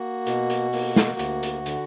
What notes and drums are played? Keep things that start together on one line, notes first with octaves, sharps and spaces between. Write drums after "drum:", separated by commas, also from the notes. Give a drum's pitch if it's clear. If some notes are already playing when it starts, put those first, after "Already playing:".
Already playing: A#3 F#4
B2, drum: hi-hat
drum: hi-hat
A#3, drum: open hi-hat
drum: snare
D2, drum: hi-hat
drum: hi-hat
D3, drum: hi-hat